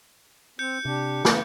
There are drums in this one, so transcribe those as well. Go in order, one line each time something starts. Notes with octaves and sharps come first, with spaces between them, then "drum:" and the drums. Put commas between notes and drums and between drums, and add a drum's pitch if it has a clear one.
C4 G6 C#7
C3 D4 G4
C#3 E3 B3, drum: snare